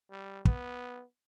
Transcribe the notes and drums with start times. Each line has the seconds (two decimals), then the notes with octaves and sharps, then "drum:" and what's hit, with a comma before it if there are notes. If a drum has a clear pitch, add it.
0.11 G3
0.45 B3, drum: kick